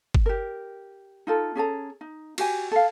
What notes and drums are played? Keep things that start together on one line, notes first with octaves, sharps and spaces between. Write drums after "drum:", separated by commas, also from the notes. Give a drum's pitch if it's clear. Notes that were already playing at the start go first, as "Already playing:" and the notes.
drum: kick G1
G4 A#4
D#4 F4 A4
C#4 G#4 A4 A#5
D#4
F#4 G4 G#5, drum: cymbal
A4 F5